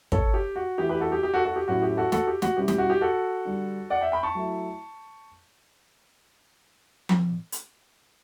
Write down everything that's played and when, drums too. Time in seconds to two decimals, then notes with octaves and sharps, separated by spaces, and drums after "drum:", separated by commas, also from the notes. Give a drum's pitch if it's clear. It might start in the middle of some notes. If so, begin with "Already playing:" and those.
0.12 A4 C#5, drum: kick
0.34 G4
0.56 F#4
0.78 E3 A3 E4 G4
0.89 G4 B4
1.00 F#4 A4
1.12 G4
1.23 G4
1.34 F#4 A4
1.45 F#4 A4
1.56 G4
1.67 A2 F#3 A3 C#4 E4 F#4
1.82 G4
1.97 F#4 A4
2.12 F#4 A4, drum: snare
2.27 G4
2.42 F#4, drum: snare
2.57 B2 G3 C#4 E4 G4
2.68 G4, drum: snare
2.78 F#4
2.90 G4
3.01 F#4 A4
3.45 D3 G3 D4
3.90 D5 F#5
4.01 E5 G5
4.12 G5 B5
4.23 A5 C#6
4.35 F#3 A3 E4
7.09 drum: tom F3
7.52 drum: hi-hat